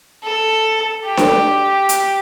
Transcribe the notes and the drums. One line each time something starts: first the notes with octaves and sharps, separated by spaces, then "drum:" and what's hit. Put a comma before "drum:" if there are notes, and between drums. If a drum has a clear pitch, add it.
A4
G4
drum: snare D4
drum: hi-hat